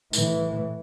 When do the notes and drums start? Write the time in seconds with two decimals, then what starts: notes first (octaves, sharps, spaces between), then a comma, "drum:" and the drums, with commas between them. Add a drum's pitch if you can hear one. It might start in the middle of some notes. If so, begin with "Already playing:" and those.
0.13 A2 E3, drum: tambourine